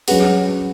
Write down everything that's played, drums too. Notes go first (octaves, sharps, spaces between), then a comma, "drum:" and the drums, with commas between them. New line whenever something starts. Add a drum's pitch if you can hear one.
F#3 C#4 F#4 G#4 B4, drum: open hi-hat